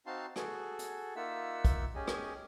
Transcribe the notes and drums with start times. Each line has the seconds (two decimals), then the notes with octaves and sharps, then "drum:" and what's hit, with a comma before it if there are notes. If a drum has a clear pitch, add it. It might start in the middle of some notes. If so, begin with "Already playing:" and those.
0.06 C4 D#4 F#4 F5 A5 C6
0.36 F#4 G#4 A4, drum: rim click
0.79 drum: hi-hat
1.16 A#3 D#4 F4 E5 F#5 E6
1.65 drum: kick, hi-hat
1.95 C#4 G4 G#4 D#5
2.08 drum: rim click